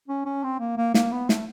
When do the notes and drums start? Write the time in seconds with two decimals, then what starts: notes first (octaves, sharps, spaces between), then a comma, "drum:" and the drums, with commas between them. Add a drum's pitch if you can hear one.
0.08 C#4
0.26 C#4
0.44 C4
0.60 A#3
0.77 A#3
0.94 A#3, drum: snare
1.12 B3
1.29 A3, drum: snare